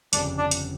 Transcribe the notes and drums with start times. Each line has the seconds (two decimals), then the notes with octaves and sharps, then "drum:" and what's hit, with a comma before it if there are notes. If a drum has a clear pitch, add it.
0.13 G1 F2 C#3 D4, drum: hi-hat
0.38 D4
0.51 drum: hi-hat